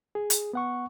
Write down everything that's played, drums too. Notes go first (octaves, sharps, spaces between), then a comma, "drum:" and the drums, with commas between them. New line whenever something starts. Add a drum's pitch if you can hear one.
G#4
drum: hi-hat
B3 F#5 C#6